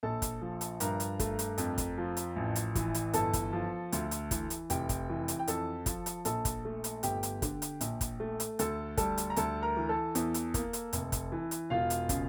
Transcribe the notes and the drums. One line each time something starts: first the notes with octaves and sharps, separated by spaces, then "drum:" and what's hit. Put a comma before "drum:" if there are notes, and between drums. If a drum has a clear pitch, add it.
A#1 A4 A5
drum: kick, hi-hat
F3
drum: hi-hat
G2 A#4 A#5, drum: hi-hat
drum: hi-hat
A3, drum: kick, hi-hat
drum: hi-hat
F2, drum: hi-hat
drum: kick, hi-hat
F3
drum: hi-hat
A1
drum: hi-hat
E3, drum: kick, hi-hat
drum: hi-hat
G1 A4 A5, drum: hi-hat
drum: kick, hi-hat
F3
D2, drum: hi-hat
drum: hi-hat
E3, drum: kick, hi-hat
drum: hi-hat
F1 G4 G5, drum: hi-hat
drum: kick, hi-hat
E3
drum: hi-hat
G5
F2 A4 A5, drum: hi-hat
F3, drum: kick, hi-hat
drum: hi-hat
A#1 A4 A5, drum: hi-hat
drum: kick, hi-hat
A3
drum: hi-hat
G1 G4 G5, drum: hi-hat
drum: hi-hat
D3, drum: kick, hi-hat
drum: hi-hat
A#1, drum: hi-hat
drum: kick, hi-hat
A3
drum: hi-hat
D2 A4 A5, drum: hi-hat
G3 A4 A5, drum: kick, hi-hat
drum: hi-hat
A#5
D2 A4 A5, drum: hi-hat
A#4 A#5
E3
A4 A5
E2, drum: hi-hat
drum: hi-hat
A#3, drum: kick, hi-hat
drum: hi-hat
F1, drum: hi-hat
drum: kick, hi-hat
E3
drum: hi-hat
E1 F4 F5
drum: hi-hat
C#3, drum: kick, hi-hat